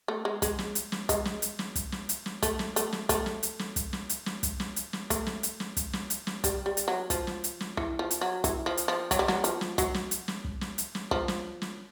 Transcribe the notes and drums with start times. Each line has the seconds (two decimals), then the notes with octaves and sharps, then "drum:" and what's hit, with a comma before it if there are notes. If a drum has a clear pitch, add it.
0.08 A3
0.25 G#3
0.42 G#3, drum: kick, hi-hat
0.59 drum: snare
0.75 drum: hi-hat
0.92 drum: snare
1.09 G#3, drum: kick, hi-hat
1.25 drum: snare
1.42 drum: hi-hat
1.59 drum: snare
1.76 drum: kick, hi-hat
1.92 drum: snare
2.09 drum: hi-hat
2.26 drum: snare
2.43 A3, drum: kick, hi-hat
2.59 drum: snare
2.76 A3, drum: hi-hat
2.92 drum: snare
3.09 A3, drum: kick, hi-hat
3.26 drum: snare
3.43 drum: hi-hat
3.59 drum: snare
3.76 drum: kick, hi-hat
3.93 drum: snare
4.09 drum: hi-hat
4.26 drum: snare
4.43 drum: kick, hi-hat
4.60 drum: snare
4.76 drum: hi-hat
4.93 drum: snare
5.10 A3, drum: kick, hi-hat
5.26 drum: snare
5.43 drum: hi-hat
5.60 drum: snare
5.77 drum: kick, hi-hat
5.93 drum: snare
6.10 drum: hi-hat
6.27 drum: snare
6.44 G3, drum: kick, hi-hat
6.66 G3
6.77 drum: hi-hat
6.88 F#3
7.10 F3, drum: kick, hi-hat
7.27 drum: snare
7.44 drum: hi-hat
7.60 drum: snare
7.77 E3, drum: kick
7.99 F3
8.11 drum: hi-hat
8.21 F#3
8.44 E3, drum: kick, hi-hat
8.66 F3
8.77 drum: hi-hat
8.88 F3
9.11 F#3, drum: kick, hi-hat
9.19 G3
9.28 F#3, drum: snare
9.44 F3, drum: hi-hat
9.61 drum: snare
9.78 F#3, drum: kick, hi-hat
9.94 drum: snare
10.11 drum: hi-hat
10.28 drum: snare
10.45 drum: kick
10.61 drum: snare
10.78 drum: hi-hat
10.95 drum: snare
11.11 F3, drum: kick
11.28 drum: snare
11.62 drum: snare